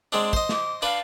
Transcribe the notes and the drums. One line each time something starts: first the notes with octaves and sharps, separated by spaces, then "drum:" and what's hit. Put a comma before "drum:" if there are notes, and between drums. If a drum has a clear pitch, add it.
G#3 C4 D4
C5 D#5, drum: kick
D6, drum: snare
D4 B4 F5